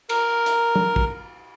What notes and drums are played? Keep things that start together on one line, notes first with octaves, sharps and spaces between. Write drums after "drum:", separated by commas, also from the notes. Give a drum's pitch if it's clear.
A#4, drum: cymbal
drum: hi-hat
drum: tom
drum: kick